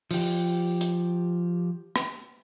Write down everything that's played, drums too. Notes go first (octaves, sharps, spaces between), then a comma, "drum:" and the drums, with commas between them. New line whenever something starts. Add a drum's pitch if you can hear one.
F3 G4, drum: open hi-hat
drum: hi-hat
drum: rim click